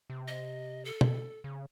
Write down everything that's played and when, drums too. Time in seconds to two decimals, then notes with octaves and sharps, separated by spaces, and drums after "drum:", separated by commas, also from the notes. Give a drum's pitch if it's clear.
0.10 C3
0.28 D#5
0.85 A4
1.01 drum: tom
1.44 C#3